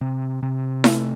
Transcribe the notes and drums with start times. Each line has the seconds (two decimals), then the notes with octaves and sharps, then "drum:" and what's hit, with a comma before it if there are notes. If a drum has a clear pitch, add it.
0.01 C3
0.43 C3
0.84 A3, drum: snare E4